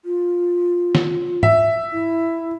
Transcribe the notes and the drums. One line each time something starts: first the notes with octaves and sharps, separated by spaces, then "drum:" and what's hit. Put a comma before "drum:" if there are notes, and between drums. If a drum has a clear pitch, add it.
F4
drum: snare
E5, drum: tom G#2
E4